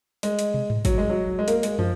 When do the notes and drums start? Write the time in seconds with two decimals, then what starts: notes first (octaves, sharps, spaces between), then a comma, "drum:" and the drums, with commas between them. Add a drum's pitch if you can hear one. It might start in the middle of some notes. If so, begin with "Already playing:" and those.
0.23 G#3, drum: hi-hat
0.39 drum: hi-hat
0.54 drum: tom
0.70 drum: tom G#2
0.85 F#3, drum: kick, hi-hat
0.98 G#3
1.10 F#3
1.39 G#3
1.48 A#3, drum: hi-hat
1.63 G#3, drum: hi-hat
1.79 F3, drum: tom